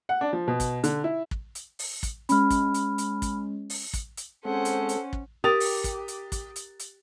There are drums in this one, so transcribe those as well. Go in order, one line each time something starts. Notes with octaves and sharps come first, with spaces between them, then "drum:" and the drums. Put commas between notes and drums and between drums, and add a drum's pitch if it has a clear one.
F#5
D4
F3
B2
drum: kick, hi-hat
D3, drum: hi-hat
E4
drum: kick
drum: hi-hat
drum: open hi-hat
drum: kick, hi-hat
G#3 C#4 B5 F6, drum: hi-hat
drum: kick, hi-hat
drum: hi-hat
drum: hi-hat
drum: kick, hi-hat
drum: open hi-hat
drum: kick, hi-hat
drum: hi-hat
G#3 C4 C#4 A4 C5 F#5
drum: hi-hat
drum: hi-hat
drum: kick
G4 A#4 D#6 A6 F7
drum: open hi-hat
drum: kick, hi-hat
drum: hi-hat
drum: kick, hi-hat
drum: hi-hat
drum: hi-hat